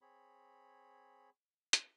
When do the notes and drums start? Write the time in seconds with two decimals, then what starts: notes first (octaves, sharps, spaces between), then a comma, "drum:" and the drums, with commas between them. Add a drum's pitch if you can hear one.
0.01 C4 G#4 C#5 B5
1.73 drum: hi-hat